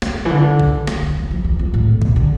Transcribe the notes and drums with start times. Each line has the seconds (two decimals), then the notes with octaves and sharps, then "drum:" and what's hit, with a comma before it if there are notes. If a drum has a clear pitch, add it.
0.02 C3, drum: snare
0.25 E3
0.30 D3
0.60 drum: kick
0.87 E3, drum: snare
1.02 D3
1.17 E3
1.31 F3
1.44 E3
1.59 F2
1.74 A2
2.02 B2, drum: kick
2.16 D3